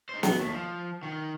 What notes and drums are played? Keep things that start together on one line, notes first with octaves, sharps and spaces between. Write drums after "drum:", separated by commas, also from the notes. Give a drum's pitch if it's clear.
D#4 C5
B3, drum: snare
D#2 A3
F3
D#3